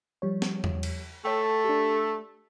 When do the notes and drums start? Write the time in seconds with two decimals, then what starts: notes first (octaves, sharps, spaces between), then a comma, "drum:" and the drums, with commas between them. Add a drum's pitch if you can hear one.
0.22 F3 G3 C#5
0.42 drum: snare
0.64 drum: tom E2
0.83 drum: cymbal
1.25 A3 A4 C#5 G5
1.65 D4 G4